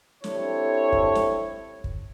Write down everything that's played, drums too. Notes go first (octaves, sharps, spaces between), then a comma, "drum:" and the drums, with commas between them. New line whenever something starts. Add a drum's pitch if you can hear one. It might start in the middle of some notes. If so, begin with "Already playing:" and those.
C4 D4 E4 G4 A4 C#5, drum: snare
drum: kick
drum: snare
drum: kick